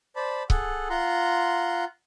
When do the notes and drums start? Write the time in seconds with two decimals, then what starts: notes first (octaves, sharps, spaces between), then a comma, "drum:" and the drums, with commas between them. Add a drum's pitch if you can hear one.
0.16 C5 D5 A5 B5
0.50 G#4 A4 F#5, drum: kick C#1
0.90 F4 F#5 A#5 C6